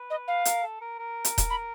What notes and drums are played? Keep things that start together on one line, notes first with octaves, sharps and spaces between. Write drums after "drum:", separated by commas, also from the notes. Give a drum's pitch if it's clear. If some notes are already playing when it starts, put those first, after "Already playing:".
Already playing: B4
D#5
F5
A#4, drum: hi-hat
A4
A#4
A#4
drum: hi-hat
drum: kick D#1, hi-hat
B5